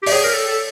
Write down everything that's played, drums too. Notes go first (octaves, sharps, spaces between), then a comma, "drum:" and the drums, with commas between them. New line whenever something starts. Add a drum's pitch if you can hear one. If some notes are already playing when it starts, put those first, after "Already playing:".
G4
D5, drum: open hi-hat
G#4 C#5
A#4
A4
A4